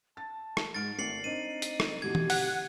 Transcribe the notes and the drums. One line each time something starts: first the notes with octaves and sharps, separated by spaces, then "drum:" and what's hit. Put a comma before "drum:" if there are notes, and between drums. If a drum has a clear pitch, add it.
A5 A6
drum: rim click
G#2 G#3 F6 A6 D7
G#1 A3 C7 C#7 F#7
C4 D4 D#4 D#5 D#7
drum: hi-hat
drum: rim click
B2 D3 E3 G4 G#6
drum: tom
F#5, drum: open hi-hat